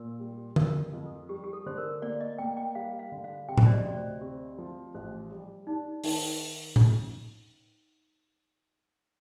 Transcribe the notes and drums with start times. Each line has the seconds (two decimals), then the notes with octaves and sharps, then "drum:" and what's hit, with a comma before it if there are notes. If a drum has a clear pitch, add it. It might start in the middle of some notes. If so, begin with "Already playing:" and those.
Already playing: A#2 A#4
0.20 G3
0.56 F2 A#4, drum: tom D3
0.93 F2
1.05 A4
1.29 G3 G4
1.44 G4
1.53 A4
1.66 D3 C5
1.77 A#4
2.02 A#3 D5
2.21 D#5
2.38 A#3 G5
2.57 G5
2.75 G3 F5
2.99 F5
3.12 D3
3.24 F5
3.48 C3 G5
3.58 C5, drum: tom A2
3.66 D5
3.73 D#5
3.85 D2 D5
3.97 C5
4.21 C4 G4
4.58 F3
4.95 A1 C5
5.31 G3
5.67 D4 D#4
6.04 D#3 D#4, drum: open hi-hat
6.76 drum: tom A2